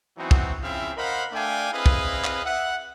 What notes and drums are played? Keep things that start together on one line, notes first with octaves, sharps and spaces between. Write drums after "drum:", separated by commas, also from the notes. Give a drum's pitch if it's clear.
E3 F#3 B3 C4 D#4 F#4
drum: kick
C#3 F3 C4 E4 E5 F5
A#4 C5 D#5 F5 F#5 B5
A3 D4 D5 F5 G5 G#5
C4 E4 G#4 B4 D#5 F5
drum: kick
drum: clap
E5 F#5